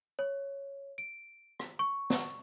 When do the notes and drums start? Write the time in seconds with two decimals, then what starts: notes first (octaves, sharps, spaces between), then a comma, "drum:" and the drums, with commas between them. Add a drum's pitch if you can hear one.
0.19 C#5
0.98 D7
1.59 drum: rim click
1.79 C#6
2.10 drum: snare